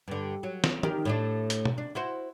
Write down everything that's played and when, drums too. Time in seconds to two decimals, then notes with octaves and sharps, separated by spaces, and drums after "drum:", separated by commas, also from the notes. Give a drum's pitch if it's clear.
0.08 G2 D3
0.43 F#3
0.64 drum: snare
0.83 D#3 G4 A#4, drum: tom
1.05 A2 A3 D4
1.50 drum: hi-hat
1.65 drum: tom B2
1.78 D4
1.95 E4 F#4 C5